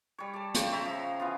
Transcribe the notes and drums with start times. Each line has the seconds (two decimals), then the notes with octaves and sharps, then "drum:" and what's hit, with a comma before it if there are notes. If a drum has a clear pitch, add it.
0.19 G3 C#5
0.33 D5 A5
0.54 C#3 C5 C#5 G5, drum: hi-hat
0.72 C#5 E5 G5 A#5
0.85 F3
1.20 E3 B3 F4